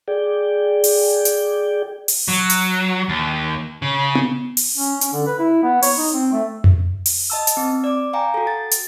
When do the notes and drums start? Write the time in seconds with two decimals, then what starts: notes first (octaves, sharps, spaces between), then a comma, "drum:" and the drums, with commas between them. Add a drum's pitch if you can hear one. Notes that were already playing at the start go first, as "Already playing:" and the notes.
0.08 G#4 D5 G5
0.84 drum: open hi-hat
1.25 drum: hi-hat
2.08 drum: open hi-hat
2.28 F#3
2.49 drum: hi-hat
3.09 D#2
3.82 C#3
4.15 drum: tom B3
4.57 drum: open hi-hat
4.78 C#4
5.01 C#4, drum: hi-hat
5.13 D3
5.27 B4
5.39 E4
5.63 B3
5.82 C#5, drum: open hi-hat
5.98 D#4
6.14 C4
6.32 A3
6.64 drum: tom F2
7.06 drum: open hi-hat
7.30 D#5 A5 E6
7.47 drum: hi-hat
7.57 C4
7.84 D5 D6
8.13 F5 G5 G#5 A#5
8.34 F#4 A4
8.47 A6
8.71 drum: hi-hat